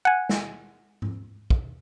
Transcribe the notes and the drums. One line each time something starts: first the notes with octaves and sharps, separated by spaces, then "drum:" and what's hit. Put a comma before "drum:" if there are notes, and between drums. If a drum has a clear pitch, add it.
F#5 G#5
drum: snare
drum: tom G#2
drum: kick